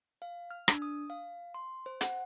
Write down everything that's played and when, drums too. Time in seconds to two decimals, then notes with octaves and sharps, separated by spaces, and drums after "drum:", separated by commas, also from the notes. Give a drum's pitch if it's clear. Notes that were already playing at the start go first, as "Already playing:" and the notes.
0.22 F5
0.51 F6
0.68 D4, drum: rim click
0.82 D#6
1.10 F5
1.54 C6
1.86 C5
2.01 F#5, drum: hi-hat